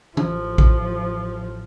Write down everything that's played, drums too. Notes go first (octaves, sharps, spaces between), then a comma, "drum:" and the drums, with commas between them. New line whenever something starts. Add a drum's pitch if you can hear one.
A1 F3, drum: tom
drum: kick A1